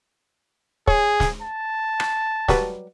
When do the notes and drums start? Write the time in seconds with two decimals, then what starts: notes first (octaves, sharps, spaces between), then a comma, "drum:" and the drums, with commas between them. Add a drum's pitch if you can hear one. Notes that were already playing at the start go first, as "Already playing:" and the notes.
0.87 G#4 C#5, drum: kick
1.20 drum: snare
1.41 A5
2.00 drum: rim click
2.48 F#3 G3 B4, drum: snare